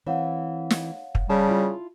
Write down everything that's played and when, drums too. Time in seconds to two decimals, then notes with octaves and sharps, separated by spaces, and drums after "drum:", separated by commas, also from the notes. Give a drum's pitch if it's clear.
0.06 E3 C4 C#5 F5 F#5
0.70 drum: snare
1.15 drum: kick
1.29 C#3 G3 A5
1.49 E4 F4